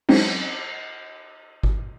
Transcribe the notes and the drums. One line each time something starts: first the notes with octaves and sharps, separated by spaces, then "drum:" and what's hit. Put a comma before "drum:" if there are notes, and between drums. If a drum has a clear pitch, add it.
E3 F#3 G#3 C4 C#4 D#4, drum: cymbal
drum: kick G1